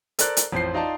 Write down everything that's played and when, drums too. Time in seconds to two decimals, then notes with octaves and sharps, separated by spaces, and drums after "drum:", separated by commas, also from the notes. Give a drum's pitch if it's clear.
0.19 A4 A#4 C5 D5 F#6, drum: hi-hat
0.37 drum: hi-hat
0.52 A1 F2 F3 C5 C7
0.74 D#4 F4 D5 A5